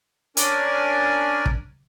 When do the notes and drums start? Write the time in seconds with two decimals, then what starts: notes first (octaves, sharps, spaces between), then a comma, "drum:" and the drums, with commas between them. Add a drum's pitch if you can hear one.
0.37 C#4 D4 A#4 D5 G#5, drum: hi-hat
1.46 drum: kick